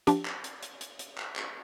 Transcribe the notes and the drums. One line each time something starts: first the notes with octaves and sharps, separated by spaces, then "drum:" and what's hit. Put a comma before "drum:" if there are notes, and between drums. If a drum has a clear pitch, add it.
F3 D4 G4, drum: hi-hat
drum: clap
drum: hi-hat
drum: hi-hat
drum: hi-hat
drum: hi-hat
drum: clap
drum: clap